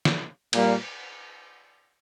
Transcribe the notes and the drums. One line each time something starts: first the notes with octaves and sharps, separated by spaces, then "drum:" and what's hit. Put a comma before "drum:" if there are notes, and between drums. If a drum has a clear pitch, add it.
drum: snare
A#2 G3 A#3, drum: cymbal